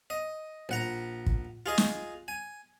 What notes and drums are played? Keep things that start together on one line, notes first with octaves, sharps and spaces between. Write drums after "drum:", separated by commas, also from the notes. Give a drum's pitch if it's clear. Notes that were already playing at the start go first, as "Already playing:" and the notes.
D#5
A#1 F#5 A#5
drum: kick
F4 G#4 D#5
drum: snare
G#5